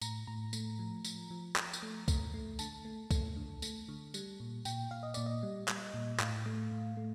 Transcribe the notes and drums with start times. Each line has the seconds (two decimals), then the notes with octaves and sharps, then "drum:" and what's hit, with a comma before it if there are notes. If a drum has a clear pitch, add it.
0.01 A2 A#5, drum: tambourine
0.27 A2 A#5
0.53 A3, drum: tambourine
0.79 F3
1.05 F3, drum: tambourine
1.30 F3
1.56 F3 A#5, drum: clap
1.73 drum: tambourine
1.82 A3
2.08 A3, drum: kick C2, tambourine
2.34 A3
2.59 D3 A5, drum: tambourine
2.85 A3
3.11 A3, drum: kick C2, tambourine
3.36 D3
3.62 A3, drum: tambourine
3.88 D3
4.14 G3, drum: tambourine
4.40 A#2
4.65 A#2 G5, drum: tambourine
4.91 A#2 F5
5.03 D#5
5.14 A#2 D5, drum: tambourine
5.26 D#5
5.43 G3
5.68 G3, drum: clap
5.94 A#2
6.20 A2 F5, drum: clap
6.46 A3
6.71 A2
6.97 A3